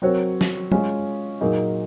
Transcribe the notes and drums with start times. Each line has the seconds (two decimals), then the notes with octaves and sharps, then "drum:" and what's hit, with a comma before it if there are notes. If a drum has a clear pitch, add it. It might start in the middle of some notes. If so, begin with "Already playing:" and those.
0.02 F#3 C4 F#4 A#4 C#5
0.41 drum: snare
0.72 G#3 C#4 F4, drum: tom F#3
1.41 A#2 F#3 A#3 D#4 G#4